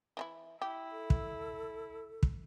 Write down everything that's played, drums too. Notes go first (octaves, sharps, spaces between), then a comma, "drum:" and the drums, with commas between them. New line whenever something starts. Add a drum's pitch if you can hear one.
E3 D#4 E4
E4 G4
A4
drum: kick
drum: kick